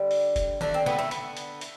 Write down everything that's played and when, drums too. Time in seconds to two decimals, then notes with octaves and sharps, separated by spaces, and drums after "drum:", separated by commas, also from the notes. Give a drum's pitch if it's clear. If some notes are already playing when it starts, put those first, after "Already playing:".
Already playing: D3 G3
0.11 drum: open hi-hat
0.36 drum: kick, hi-hat
0.61 D3 A3 D4, drum: tom D#3
0.74 C4
0.86 B3, drum: snare
0.99 A3
1.11 B3, drum: hi-hat
1.37 drum: hi-hat
1.61 A3, drum: hi-hat